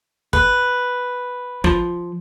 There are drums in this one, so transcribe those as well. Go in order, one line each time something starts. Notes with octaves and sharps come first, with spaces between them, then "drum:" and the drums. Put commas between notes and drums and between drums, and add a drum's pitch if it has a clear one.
B4, drum: kick
F3, drum: kick